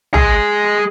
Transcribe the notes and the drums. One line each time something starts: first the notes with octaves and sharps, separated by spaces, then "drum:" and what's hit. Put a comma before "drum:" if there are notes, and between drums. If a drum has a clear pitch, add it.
G#3 G#4, drum: tom A#1